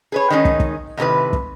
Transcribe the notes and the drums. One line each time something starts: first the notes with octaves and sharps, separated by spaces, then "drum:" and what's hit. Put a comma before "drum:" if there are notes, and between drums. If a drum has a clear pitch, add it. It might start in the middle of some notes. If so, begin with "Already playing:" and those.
G#4 B4 C#5
D#3 G#3 C#4 D#4
drum: kick
drum: kick
E2 A2 C3 D#3 B4
drum: kick